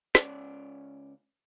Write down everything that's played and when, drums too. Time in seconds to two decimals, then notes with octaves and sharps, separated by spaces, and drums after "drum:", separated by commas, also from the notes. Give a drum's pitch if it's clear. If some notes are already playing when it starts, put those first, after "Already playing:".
0.15 C#2 C#4 D5, drum: snare